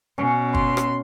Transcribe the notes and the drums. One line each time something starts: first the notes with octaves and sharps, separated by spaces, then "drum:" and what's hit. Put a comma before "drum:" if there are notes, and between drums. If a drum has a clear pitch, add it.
B2 C#4
C6, drum: kick
drum: rim click